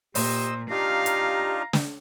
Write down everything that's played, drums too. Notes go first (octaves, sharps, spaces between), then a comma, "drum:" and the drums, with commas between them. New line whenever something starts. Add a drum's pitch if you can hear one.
A#2 G4 C5 D#5 E6, drum: open hi-hat
D4 D#4 F4 G4 F5 A#5
drum: hi-hat
drum: snare